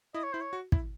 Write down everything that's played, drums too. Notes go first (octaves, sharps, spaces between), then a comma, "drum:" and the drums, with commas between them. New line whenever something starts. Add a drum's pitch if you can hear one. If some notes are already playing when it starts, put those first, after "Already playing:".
E4 D#5
C#5
E4 C5
C#5
F#4
E4, drum: kick